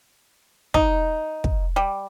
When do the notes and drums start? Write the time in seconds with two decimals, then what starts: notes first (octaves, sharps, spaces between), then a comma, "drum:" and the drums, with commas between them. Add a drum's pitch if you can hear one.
0.74 D#4, drum: kick
1.44 drum: kick
1.76 G3